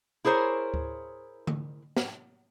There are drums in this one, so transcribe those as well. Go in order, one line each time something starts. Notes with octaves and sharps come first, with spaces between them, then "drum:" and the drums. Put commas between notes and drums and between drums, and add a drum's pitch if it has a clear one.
E4 G#4 A#4 C5 C#5
drum: kick D2
drum: tom D3
drum: snare